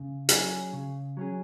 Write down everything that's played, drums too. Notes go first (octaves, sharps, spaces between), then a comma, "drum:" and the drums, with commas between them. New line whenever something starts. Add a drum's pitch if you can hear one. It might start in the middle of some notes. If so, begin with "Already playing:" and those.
Already playing: C#3
F#3 C#4 G#4, drum: hi-hat
C#3
F#3 C#4 G#4